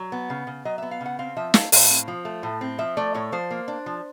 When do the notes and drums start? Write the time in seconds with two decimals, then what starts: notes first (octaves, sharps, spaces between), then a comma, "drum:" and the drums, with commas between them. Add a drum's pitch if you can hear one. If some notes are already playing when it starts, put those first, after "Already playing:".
Already playing: F#3
0.12 B3
0.30 C#3
0.47 C#3
0.65 F#3 D#5
0.78 B3 E5
0.91 F5
1.01 C#3 F#5
1.19 C4 F5
1.37 F3 E5
1.54 A3 F5, drum: snare
1.72 A2 F5, drum: open hi-hat
1.90 C4
2.08 F3
2.25 A3
2.43 A2
2.61 C4
2.79 F3 E5
2.97 A3 D5
3.15 A2 C#5
3.32 F3 C5
3.51 A#3
3.68 D4
3.86 F3